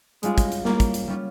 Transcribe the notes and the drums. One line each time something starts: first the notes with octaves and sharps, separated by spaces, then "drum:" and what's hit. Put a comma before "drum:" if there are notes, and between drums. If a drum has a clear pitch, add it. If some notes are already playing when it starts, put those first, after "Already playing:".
G3 G#3 C#4 F4, drum: hi-hat
drum: kick, hi-hat
drum: hi-hat
G3 A#3 C#4 F4, drum: snare
drum: kick, hi-hat
drum: hi-hat
G3 C#4 F4